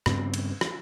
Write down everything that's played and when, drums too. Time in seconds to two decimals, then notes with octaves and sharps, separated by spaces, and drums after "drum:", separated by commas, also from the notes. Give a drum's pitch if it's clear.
0.06 G2 C#3 B3 C4, drum: rim click
0.34 drum: cymbal
0.61 drum: rim click